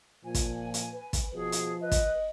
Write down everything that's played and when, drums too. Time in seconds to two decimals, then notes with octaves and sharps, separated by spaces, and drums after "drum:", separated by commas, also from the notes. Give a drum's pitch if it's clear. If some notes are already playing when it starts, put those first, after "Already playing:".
0.25 A#2 F3 G#5
0.35 drum: kick, hi-hat
0.74 drum: hi-hat
0.93 B4
1.13 drum: kick, hi-hat
1.34 B2 F3 G#4
1.52 drum: hi-hat
1.82 B4 D#5
1.92 drum: kick, hi-hat